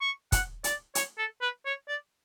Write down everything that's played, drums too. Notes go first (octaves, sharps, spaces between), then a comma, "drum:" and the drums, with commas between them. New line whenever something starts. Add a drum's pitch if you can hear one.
C#6
F#5, drum: kick, hi-hat
D5, drum: hi-hat
C#5, drum: hi-hat
A4
B4
C#5
D5